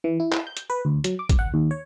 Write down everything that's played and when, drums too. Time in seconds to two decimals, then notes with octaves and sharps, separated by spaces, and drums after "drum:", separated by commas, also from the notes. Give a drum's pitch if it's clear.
0.04 E3
0.20 E4
0.32 drum: clap
0.47 G6
0.57 drum: hi-hat
0.70 B4
0.85 D2
1.04 F#3, drum: hi-hat
1.19 D6
1.29 drum: kick, hi-hat
1.39 F#5
1.54 D#2
1.71 C#5